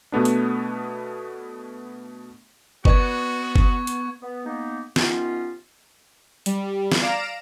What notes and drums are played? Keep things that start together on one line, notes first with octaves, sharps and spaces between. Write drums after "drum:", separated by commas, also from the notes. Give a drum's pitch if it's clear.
B2 A3 B3 D4
drum: hi-hat
B3 F#4 B4 D5 C#6 G#6, drum: kick F#1
drum: kick F#1
drum: hi-hat
B3
G#3 A#3 B3 D#4
C3 D#3 B3 C#4 D#4 F4, drum: snare
G3, drum: hi-hat
drum: snare
D5 F5 A#5 D7 E7